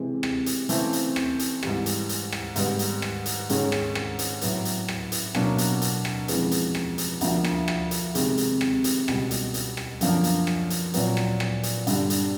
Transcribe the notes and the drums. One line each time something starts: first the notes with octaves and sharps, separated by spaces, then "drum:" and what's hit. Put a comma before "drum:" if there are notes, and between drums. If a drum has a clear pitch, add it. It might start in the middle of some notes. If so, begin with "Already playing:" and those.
Already playing: C3 E3 G#3 C4
drum: rim click
drum: hi-hat
C#3 E3 A3 C4, drum: hi-hat
drum: hi-hat
drum: rim click
drum: hi-hat
G#2 E3 G3, drum: rim click
drum: hi-hat
drum: hi-hat
drum: rim click
G#2 D#3 G3 B3, drum: hi-hat
drum: hi-hat
drum: rim click
drum: hi-hat
G#2 D#3 G#3 C#4, drum: hi-hat
drum: rim click
drum: rim click
drum: hi-hat
A2 F#3 B3, drum: hi-hat
drum: hi-hat
drum: rim click
drum: hi-hat
B2 F#3 A#3 D4, drum: rim click
drum: hi-hat
drum: hi-hat
drum: rim click
F2 C#3 E3 G#3 B3, drum: hi-hat
drum: hi-hat
drum: rim click
drum: hi-hat
D2 D3 F3 A#3, drum: hi-hat
drum: rim click
drum: rim click
drum: hi-hat
C3 D#3 G#3, drum: hi-hat
drum: hi-hat
drum: rim click
drum: hi-hat
C#2 B2 G3, drum: rim click
drum: hi-hat
drum: hi-hat
drum: rim click
F#2 D3 F3 A#3, drum: hi-hat
drum: hi-hat
drum: rim click
drum: hi-hat
A#2 F#3 B3, drum: hi-hat
drum: rim click
drum: rim click
drum: hi-hat
G2 D3 G3, drum: hi-hat
drum: hi-hat